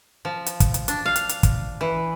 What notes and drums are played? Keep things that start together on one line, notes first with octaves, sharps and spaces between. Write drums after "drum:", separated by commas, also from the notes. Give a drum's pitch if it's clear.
F3
drum: hi-hat
drum: kick, hi-hat
drum: hi-hat
D4, drum: hi-hat
F5
drum: hi-hat
drum: hi-hat
drum: kick, hi-hat
E3